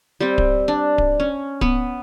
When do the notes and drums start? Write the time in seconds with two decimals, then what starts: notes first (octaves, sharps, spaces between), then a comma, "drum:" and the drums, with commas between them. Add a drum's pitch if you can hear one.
0.21 G3 C4
0.38 drum: kick D1
0.68 D4
0.98 drum: kick D1
1.20 C#4
1.61 B3, drum: kick D1